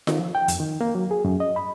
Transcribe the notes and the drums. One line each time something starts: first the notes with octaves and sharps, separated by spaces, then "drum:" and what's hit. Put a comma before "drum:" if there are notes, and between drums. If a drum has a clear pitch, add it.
D#3, drum: snare F4
F3
G5
F2, drum: hi-hat
D#3
A#3
F#3
G#4
F#2
D#5
B5